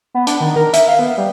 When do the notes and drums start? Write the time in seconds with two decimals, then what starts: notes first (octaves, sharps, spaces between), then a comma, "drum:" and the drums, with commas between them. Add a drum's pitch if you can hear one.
0.14 B3
0.27 D4, drum: hi-hat
0.40 D#3
0.56 A#4
0.73 E5, drum: hi-hat
0.88 F5
0.99 B3
1.18 G3